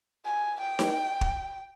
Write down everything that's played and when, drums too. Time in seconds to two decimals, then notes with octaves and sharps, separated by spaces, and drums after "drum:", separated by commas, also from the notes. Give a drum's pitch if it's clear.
0.24 G#5
0.61 G5
0.79 drum: snare D#4
1.21 drum: kick